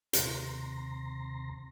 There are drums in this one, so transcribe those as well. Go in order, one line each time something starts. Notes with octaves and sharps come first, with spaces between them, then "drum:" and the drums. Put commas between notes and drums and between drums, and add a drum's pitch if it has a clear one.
D#2 C3 A#5 C6 A#6, drum: hi-hat